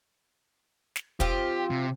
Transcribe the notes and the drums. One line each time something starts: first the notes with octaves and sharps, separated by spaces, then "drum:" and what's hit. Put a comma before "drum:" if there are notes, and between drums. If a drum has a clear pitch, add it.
drum: snare
F3 C4 F4 G4, drum: kick
C3